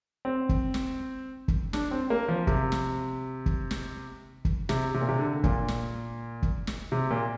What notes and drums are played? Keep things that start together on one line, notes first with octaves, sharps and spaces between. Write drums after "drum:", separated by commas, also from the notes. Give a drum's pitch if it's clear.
C4
drum: kick
drum: snare
drum: kick
D4, drum: snare
C4
A#3
F3
C3, drum: kick
drum: snare
drum: kick
drum: snare
drum: kick
C3, drum: snare
C3
A#2
C3
D3
A#2, drum: kick
drum: snare
drum: kick
drum: snare
C3
A#2